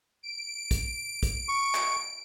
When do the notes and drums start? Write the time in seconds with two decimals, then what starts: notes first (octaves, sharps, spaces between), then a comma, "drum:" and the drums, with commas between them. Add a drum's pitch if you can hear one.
0.23 D7
0.71 drum: kick, hi-hat
1.23 drum: kick, hi-hat
1.49 C#6
1.74 drum: clap